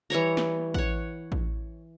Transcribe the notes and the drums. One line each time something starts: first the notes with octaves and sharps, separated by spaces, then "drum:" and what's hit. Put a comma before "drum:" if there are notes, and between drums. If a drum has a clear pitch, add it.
E3 G3 C#5 A#5
drum: snare
C#5 F#5, drum: kick A1
drum: kick A1